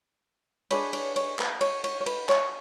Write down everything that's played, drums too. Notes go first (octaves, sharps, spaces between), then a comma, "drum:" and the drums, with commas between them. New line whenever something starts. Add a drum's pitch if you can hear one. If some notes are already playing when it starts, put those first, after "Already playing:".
D4 G#4 B4 C#5, drum: cymbal
C#5, drum: cymbal
C#5, drum: cymbal
B4, drum: clap
C#5, drum: cymbal
C#5, drum: cymbal
C#5
B4, drum: cymbal
C#5, drum: clap